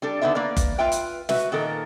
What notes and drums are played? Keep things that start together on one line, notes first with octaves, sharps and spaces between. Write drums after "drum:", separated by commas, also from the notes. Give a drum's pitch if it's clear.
G3 D4 A4
D3 B3 D#4 F4 E5
A#3 B4 D5
drum: kick F#1, hi-hat
F4 B4 E5 G5
drum: hi-hat
F#4 B4 E5, drum: snare
A#2 D#3 A4 A#4